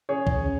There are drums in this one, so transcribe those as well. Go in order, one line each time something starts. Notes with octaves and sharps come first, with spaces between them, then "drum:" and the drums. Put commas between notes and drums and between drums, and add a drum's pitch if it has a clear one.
C#3 G#4 C#5
drum: kick B1
C#3